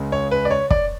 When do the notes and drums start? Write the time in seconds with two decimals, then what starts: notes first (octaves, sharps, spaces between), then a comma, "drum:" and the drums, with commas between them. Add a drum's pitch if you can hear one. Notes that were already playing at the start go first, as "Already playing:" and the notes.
Already playing: C#2 C#3 G#3
0.12 C#5
0.31 B4
0.45 D5
0.51 C#5
0.71 D5, drum: kick